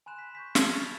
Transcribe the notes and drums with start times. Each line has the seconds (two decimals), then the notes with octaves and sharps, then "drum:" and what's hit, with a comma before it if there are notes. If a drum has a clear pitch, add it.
0.06 G#5 B5 C6 F#6 E7
0.18 B6
0.35 C#6 G6 B6
0.55 A5 B5 F6 G6 G#6 B6, drum: snare
0.70 C#6 G6 A6 F7
0.85 C#6 F7